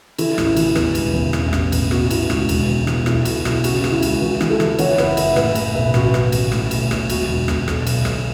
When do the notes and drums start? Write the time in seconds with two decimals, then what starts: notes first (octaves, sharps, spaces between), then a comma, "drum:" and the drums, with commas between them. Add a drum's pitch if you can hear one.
0.18 E3 E4 A4, drum: cymbal
0.38 A1, drum: rim click
0.47 E4
0.56 E3, drum: cymbal
0.75 E2, drum: rim click
0.95 E1, drum: cymbal
1.14 E2
1.33 A1, drum: rim click
1.53 A1, drum: rim click
1.72 A1, drum: cymbal
1.91 B2 F#4, drum: rim click
2.11 B2 E4, drum: cymbal
2.30 C#2 F#4, drum: rim click
2.49 E1, drum: cymbal
2.68 E2
2.87 E3, drum: rim click
3.06 B1 E4, drum: rim click
3.25 B1 F#4, drum: cymbal
3.45 B1 E4, drum: rim click
3.64 C#3 F#4, drum: cymbal
3.84 C#3, drum: rim click
3.92 E4
4.02 C#2, drum: cymbal
4.21 E3 F#4
4.41 E3, drum: rim click
4.50 E4 A4
4.60 E3, drum: rim click
4.79 E3 C#5 F#5, drum: cymbal
4.98 F#1 B4 E5, drum: rim click
5.17 F#1 B4 E5, drum: cymbal
5.36 A2 B4 E5, drum: rim click
5.55 A2, drum: cymbal
5.75 B1 B4 E5
5.94 A1 F#4 B4, drum: rim click
6.14 A1, drum: rim click
6.32 A1, drum: cymbal
6.52 A2, drum: rim click
6.71 B1, drum: cymbal
6.91 B1, drum: rim click
7.10 E1 F#4, drum: cymbal
7.28 E1
7.48 E1, drum: rim click
7.68 B1, drum: rim click
7.87 B1, drum: cymbal
8.05 B1, drum: rim click